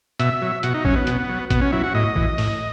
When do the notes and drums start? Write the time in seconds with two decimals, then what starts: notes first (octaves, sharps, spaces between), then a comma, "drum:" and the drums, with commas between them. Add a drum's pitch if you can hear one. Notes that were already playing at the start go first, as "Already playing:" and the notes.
0.20 B2 E5, drum: hi-hat
0.42 F#3
0.63 B2 F#4, drum: hi-hat
0.74 D#4
0.85 F#3 C#4, drum: kick A1
0.96 B3
1.07 B2, drum: hi-hat
1.29 F#3
1.50 B2 B3, drum: kick A1, hi-hat
1.61 C#4
1.72 F#3 E4
1.83 F#4
1.94 A2 D#5
2.16 E3, drum: kick A1
2.38 A2, drum: open hi-hat